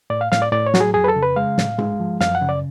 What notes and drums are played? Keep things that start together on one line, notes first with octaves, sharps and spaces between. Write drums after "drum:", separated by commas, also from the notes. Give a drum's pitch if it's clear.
A2 D5
F5
A2 F5, drum: snare
D5
A2 D5
C#5
F#3 F#4, drum: snare
G#4
F2 G#4
B4
A4
C#3
B4
G#3 F5
A2, drum: snare
G#3, drum: tom G#2
F3
F#2 F5, drum: snare
F#5
C#3
D5